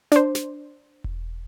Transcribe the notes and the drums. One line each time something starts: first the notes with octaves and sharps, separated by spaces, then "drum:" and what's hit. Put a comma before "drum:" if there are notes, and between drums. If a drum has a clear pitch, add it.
D4 C5, drum: snare
drum: snare
drum: kick E1